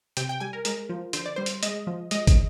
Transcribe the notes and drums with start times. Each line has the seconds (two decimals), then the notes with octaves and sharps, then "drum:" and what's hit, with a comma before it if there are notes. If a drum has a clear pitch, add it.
0.17 C3 G5, drum: hi-hat
0.29 G5
0.40 G3 G#5
0.53 A#4
0.65 G#3 A#4, drum: hi-hat
0.89 F3
1.13 D3 C5, drum: hi-hat
1.26 D5
1.36 G3 C5
1.46 drum: hi-hat
1.63 G#3 D#5, drum: hi-hat
1.87 F3
2.11 G#3 D#5, drum: hi-hat
2.27 drum: kick, hi-hat